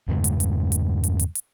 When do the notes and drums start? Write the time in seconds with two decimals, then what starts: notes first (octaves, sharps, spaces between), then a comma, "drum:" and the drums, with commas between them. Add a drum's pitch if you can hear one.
0.08 E2 G2 C#3 G#3
0.24 drum: hi-hat
0.40 drum: hi-hat
0.72 drum: hi-hat
1.04 drum: hi-hat
1.19 drum: hi-hat
1.35 drum: hi-hat